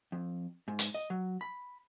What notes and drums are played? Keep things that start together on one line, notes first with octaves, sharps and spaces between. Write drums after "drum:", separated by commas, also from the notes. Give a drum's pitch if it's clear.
F2
G#2
drum: hi-hat
D#5
F#3
B5